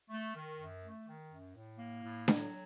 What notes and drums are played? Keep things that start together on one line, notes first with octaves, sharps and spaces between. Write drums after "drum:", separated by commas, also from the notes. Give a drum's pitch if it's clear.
A3
D#3
F#2
A3
D#3
F#2
A2
A#3
A2
F#3, drum: snare D4